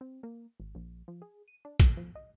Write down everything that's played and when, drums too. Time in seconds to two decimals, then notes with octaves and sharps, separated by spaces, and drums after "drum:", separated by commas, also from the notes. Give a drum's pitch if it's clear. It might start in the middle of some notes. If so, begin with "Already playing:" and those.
0.01 C4
0.23 A#3
0.60 G#1
0.75 A#1
1.08 F3
1.22 G#4
1.48 D#7
1.65 D4
1.80 C3, drum: kick, hi-hat
1.97 F3
2.15 D#5